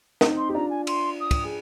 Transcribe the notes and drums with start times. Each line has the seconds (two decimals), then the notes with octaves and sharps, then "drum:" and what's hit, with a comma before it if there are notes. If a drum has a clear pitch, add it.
0.21 C4 D#4, drum: snare
0.37 C6
0.49 G4
0.54 D4 F4 A#5
0.70 G#5
0.87 C6, drum: cymbal
1.20 D#6
1.31 drum: kick, cymbal
1.44 G#4